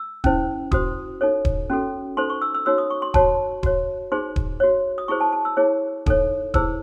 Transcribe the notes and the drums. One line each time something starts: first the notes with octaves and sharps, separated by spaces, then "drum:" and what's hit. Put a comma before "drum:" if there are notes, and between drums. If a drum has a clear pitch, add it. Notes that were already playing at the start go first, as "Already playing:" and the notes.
Already playing: E6
C#4 E4 C5, drum: kick D#1
F#4 C5 D#6, drum: kick D#1
D#4 A4 C#5
drum: kick D#1
C#4 F#4 A4
D#4 A4 C5 C6
C#6
E6
E6
D#4 F#4 C#5 E6
D#6
C#6
C6
F#4 C#5 A5, drum: kick D#1
F#4 C#5, drum: kick D#1
D#4 G#4 C5 C6
drum: kick D#1
F#4 C#5
D#6
E4 G#4 C5 C#6
A5
A5
E6
E4 G#4 C#5
D#4 A4 C#5, drum: kick D#1
E4 G#4 C5 E6, drum: kick D#1